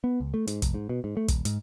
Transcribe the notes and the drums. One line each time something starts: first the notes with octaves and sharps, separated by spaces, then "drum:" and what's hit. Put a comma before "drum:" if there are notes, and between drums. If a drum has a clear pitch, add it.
B3
C#2
A3
G#2, drum: hi-hat
F1, drum: kick, hi-hat
G#2
B2
G#2
A3
D#1, drum: kick, hi-hat
G#2, drum: hi-hat